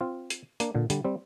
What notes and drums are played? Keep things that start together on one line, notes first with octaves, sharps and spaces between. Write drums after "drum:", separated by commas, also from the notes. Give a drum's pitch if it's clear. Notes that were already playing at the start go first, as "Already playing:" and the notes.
C4 F4
drum: hi-hat
A#3 D4, drum: hi-hat
A#2 D3
D3 G3, drum: hi-hat
G3 C4